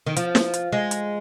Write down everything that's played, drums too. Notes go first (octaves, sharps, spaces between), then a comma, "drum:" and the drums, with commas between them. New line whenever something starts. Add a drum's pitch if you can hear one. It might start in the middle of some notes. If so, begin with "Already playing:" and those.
D#3
F3, drum: hi-hat
drum: snare
drum: hi-hat
G#3
drum: hi-hat